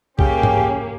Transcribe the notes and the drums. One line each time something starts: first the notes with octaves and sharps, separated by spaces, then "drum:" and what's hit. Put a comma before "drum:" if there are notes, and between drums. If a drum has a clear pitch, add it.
C#3 A#3 C#4 G4 G#5, drum: kick C2
drum: tom G#2